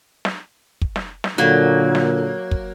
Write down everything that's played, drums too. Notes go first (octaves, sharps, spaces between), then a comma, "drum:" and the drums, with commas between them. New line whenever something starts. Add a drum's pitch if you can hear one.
drum: snare
drum: kick
drum: snare
drum: snare
A#2 D3 F#3 A#3
drum: snare
drum: kick